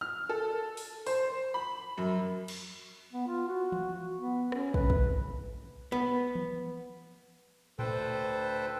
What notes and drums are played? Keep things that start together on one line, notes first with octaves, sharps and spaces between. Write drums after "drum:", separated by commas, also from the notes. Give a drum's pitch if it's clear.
F6
A4
drum: open hi-hat
C5, drum: open hi-hat
B5
F#2
drum: cymbal
B3
F4
F#4
drum: tom E3
B3
C#4, drum: rim click
B4, drum: kick
drum: kick
B3
drum: tom E3
D2 A4 B4 C5 G5, drum: tom A2